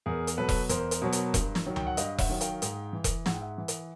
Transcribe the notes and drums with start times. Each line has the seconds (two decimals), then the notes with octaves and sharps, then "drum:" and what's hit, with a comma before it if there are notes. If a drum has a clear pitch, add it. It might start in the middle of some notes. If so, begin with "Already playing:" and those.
0.06 E2 G#4 A#4
0.27 drum: hi-hat
0.37 B2 F#3 A4 B4
0.49 drum: kick E1, open hi-hat
0.69 E2 A#4 C5, drum: hi-hat
0.91 drum: hi-hat
1.02 B2 F#3
1.13 drum: hi-hat
1.34 G2, drum: kick E1, hi-hat
1.55 drum: snare
1.66 D#3 F#3
1.76 G5, drum: tom C#2
1.87 F#5
1.97 G2 D#5 F5, drum: hi-hat
2.18 E5 F#5, drum: kick E1, open hi-hat
2.29 D#3 F#3
2.41 F5 G5, drum: hi-hat
2.62 G#2, drum: hi-hat
2.93 E3
3.04 drum: kick E1, hi-hat
3.26 G#2 F#5, drum: snare
3.33 G5
3.41 E5 F#5
3.58 E3
3.68 drum: hi-hat